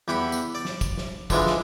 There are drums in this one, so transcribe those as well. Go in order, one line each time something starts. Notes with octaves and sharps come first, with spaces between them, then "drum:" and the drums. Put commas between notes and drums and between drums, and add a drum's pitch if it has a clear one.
E2 E3 G4 F#5 B5
drum: tambourine
D5
drum: snare
drum: kick, tambourine
drum: snare
D3 E3 F3 G#3 D4, drum: kick, tambourine
drum: snare